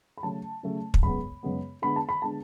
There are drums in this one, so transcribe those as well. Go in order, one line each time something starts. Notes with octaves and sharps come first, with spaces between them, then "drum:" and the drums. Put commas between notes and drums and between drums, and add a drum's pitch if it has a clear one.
B5
C#3 F#3 A3 C#4 A5
C#3 F#3 A3 C#4
drum: kick
F#2 C#3 G#3 B3 B5
F#2 C#3 G#3 B3
D3 G#3 B3 B5
A5
B5
D3 G#3 B3 A5